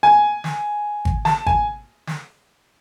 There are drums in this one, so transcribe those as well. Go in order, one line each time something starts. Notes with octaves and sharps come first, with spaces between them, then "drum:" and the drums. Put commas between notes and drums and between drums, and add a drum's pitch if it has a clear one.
G#5
drum: snare
drum: kick G#1
A5, drum: snare
G#5, drum: kick G#1
drum: snare